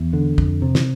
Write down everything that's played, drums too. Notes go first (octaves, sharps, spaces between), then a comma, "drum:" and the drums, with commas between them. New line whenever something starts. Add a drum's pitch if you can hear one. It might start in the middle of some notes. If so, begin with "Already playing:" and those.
Already playing: E2
D3
F2, drum: kick
C3
drum: snare